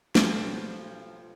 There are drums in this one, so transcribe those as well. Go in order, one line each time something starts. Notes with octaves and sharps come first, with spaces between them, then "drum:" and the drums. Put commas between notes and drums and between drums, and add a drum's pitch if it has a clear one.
B1 B2 F3 G4 A4 A5, drum: snare